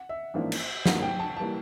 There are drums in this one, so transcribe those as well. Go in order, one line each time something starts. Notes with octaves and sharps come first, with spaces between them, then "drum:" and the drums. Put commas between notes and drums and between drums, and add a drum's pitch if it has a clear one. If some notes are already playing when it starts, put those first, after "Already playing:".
Already playing: F#5
E5
A1 G#2 F3 A#3 D4
drum: cymbal
G#1 G2 E3 G3 A#3 F#5, drum: snare
G5
A5
E3 G3 A#3 A5